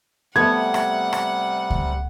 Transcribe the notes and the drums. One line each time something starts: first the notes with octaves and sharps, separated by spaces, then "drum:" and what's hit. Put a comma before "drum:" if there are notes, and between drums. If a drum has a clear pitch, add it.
C3 G3 A3 B3 F#5 G#6
drum: rim click
drum: rim click
drum: kick C#2